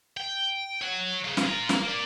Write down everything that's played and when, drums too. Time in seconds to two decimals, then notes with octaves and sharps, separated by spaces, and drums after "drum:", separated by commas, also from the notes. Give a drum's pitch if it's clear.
0.17 G5
0.82 C#5 F#5
1.25 A#3 G#4
1.37 drum: snare
1.47 F4 A#5
1.69 A#3, drum: snare
1.84 A#3 D5